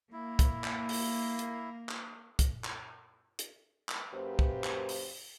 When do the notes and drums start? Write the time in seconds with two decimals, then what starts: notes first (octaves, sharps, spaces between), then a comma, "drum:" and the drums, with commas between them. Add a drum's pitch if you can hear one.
0.12 A#3 E4
0.39 drum: kick, hi-hat
0.64 drum: clap
0.89 drum: open hi-hat
1.39 drum: hi-hat
1.89 drum: clap
2.39 drum: kick, hi-hat
2.64 drum: clap
3.39 drum: hi-hat
3.89 drum: clap
4.14 F#2 A#3 G4 B4 C5
4.39 drum: kick
4.64 drum: clap
4.89 drum: open hi-hat